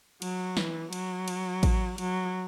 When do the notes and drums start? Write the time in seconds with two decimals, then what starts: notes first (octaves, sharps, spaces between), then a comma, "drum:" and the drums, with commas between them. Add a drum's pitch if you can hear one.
0.22 F#3, drum: cymbal
0.57 E3, drum: snare
0.93 F#3, drum: cymbal
1.28 drum: cymbal
1.63 drum: kick A1, cymbal
1.98 F#3, drum: cymbal